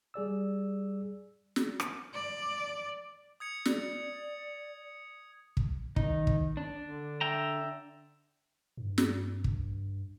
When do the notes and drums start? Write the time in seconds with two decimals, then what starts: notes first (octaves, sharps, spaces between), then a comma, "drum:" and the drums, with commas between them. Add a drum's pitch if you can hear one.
0.14 G3 G#4 D5 E6
1.56 drum: snare
1.80 drum: rim click
2.14 D5
3.40 D#6 G#6 C#7
3.65 D5, drum: snare
5.57 drum: kick
5.96 D#3 D#4, drum: kick
6.27 drum: kick
6.57 D4
6.85 D3
7.21 E5 G5 A#5
8.77 G2
8.98 drum: snare
9.44 drum: kick